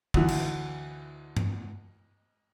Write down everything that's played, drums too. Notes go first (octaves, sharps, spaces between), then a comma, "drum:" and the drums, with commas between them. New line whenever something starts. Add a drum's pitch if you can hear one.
D2 E3, drum: kick
drum: cymbal
drum: tom G2